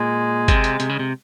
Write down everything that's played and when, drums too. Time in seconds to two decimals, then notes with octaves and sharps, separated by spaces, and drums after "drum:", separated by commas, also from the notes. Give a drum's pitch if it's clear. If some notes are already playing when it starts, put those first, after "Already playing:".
Already playing: A#2 G#3
0.48 C3, drum: kick G1, hi-hat
0.64 drum: hi-hat
0.80 C3, drum: hi-hat
0.89 C#3
0.99 C3